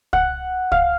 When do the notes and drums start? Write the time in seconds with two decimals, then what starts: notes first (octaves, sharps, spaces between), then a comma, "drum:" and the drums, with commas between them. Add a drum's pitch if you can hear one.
0.13 F#5, drum: kick
0.72 F5, drum: kick